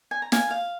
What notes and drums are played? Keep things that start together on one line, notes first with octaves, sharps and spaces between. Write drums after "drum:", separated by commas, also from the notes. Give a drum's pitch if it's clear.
G#5
A#5
F5 G#5, drum: snare
F5